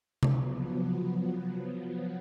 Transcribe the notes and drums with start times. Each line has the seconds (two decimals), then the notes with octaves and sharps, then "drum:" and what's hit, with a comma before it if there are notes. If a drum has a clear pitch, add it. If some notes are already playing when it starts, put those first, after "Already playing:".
0.23 F3 F#3 B3, drum: tom C3